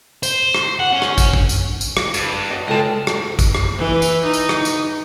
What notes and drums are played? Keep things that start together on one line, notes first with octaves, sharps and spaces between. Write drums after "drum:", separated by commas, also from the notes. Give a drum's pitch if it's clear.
C5, drum: tambourine
drum: rim click
F#5
C#4
drum: rim click
drum: kick, tambourine
drum: kick
drum: tambourine
drum: tambourine
drum: rim click
G2, drum: tambourine
F#4 C#5 D#5
C#2 G#3 A4 D#5 G5 A5
drum: rim click
drum: kick, tambourine
drum: rim click
E3
drum: tambourine
D#4
drum: tambourine
drum: rim click
drum: tambourine